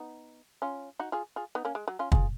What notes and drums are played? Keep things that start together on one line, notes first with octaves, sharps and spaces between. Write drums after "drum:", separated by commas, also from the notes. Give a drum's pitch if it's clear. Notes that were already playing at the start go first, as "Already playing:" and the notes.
Already playing: B3 D#4
C#4 F4
D#4 F#4
F4 G#4
F4 G#4
B3 D#4
A#3 C#4
G#3
F#3
C#4 F4
F4 G#4, drum: kick